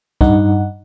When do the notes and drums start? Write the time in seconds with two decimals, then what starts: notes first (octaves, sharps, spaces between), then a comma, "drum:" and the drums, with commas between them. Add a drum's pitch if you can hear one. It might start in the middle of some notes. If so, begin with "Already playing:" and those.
0.21 G2 D#4 F#5, drum: kick